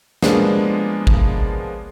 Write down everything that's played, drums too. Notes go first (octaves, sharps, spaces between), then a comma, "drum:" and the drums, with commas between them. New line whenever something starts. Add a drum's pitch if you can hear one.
F3 G#3 A#3 B3 D4, drum: snare
drum: kick G#1